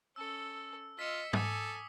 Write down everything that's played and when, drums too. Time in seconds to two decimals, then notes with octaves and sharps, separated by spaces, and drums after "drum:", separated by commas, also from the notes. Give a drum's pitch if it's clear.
0.16 C#4 A4 E6
0.99 F4 D#5 E6 B6 C#7
1.33 A4 G#5 D6 D#6, drum: tom